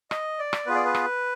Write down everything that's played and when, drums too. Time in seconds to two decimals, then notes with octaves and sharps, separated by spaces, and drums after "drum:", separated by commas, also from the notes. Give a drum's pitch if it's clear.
0.11 D#5, drum: rim click
0.39 D5
0.53 drum: rim click
0.66 B3 F4 G#4 B4
0.75 D5
0.85 B4
0.94 drum: rim click